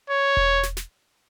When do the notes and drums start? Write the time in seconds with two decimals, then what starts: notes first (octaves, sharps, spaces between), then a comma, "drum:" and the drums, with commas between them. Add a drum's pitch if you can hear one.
0.10 C#5
0.37 drum: kick E1
0.63 drum: snare
0.77 drum: snare